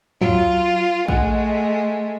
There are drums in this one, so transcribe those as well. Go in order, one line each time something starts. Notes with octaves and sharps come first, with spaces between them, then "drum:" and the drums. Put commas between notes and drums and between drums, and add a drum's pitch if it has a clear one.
F#3 F4, drum: tom
G#3 A3 F#5, drum: kick A#1